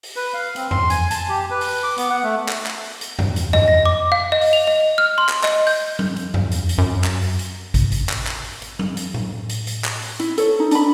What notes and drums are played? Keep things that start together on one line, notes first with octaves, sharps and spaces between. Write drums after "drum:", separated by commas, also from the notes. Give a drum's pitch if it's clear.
drum: open hi-hat
B4
F5
C4, drum: hi-hat
C6, drum: tom E2
G#5, drum: hi-hat
A5, drum: hi-hat
G4
B4
drum: open hi-hat
D6
B3, drum: hi-hat
F#5
A3
drum: clap
drum: clap
drum: open hi-hat
drum: hi-hat
drum: tom E2
drum: hi-hat
D#5, drum: tom E2
A#6
D6
F5
D#5
drum: open hi-hat
F7
D#5
F6
C6
drum: clap
D#5, drum: clap
G6, drum: open hi-hat
drum: tom F#3
drum: hi-hat
drum: tom E2
drum: hi-hat
drum: hi-hat
F#2
drum: clap
drum: open hi-hat
drum: hi-hat
drum: kick G#1, hi-hat
drum: hi-hat
drum: clap
drum: clap
drum: open hi-hat
drum: hi-hat
drum: tom F#3
drum: hi-hat
drum: tom A2
drum: hi-hat
drum: hi-hat
drum: clap
drum: open hi-hat
E4, drum: hi-hat
A4 C#5, drum: hi-hat
D#4
D4 B5, drum: hi-hat